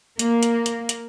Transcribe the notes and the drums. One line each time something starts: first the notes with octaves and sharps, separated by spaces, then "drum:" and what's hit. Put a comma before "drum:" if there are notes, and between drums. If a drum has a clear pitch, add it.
A#3, drum: hi-hat
drum: hi-hat
drum: hi-hat
drum: hi-hat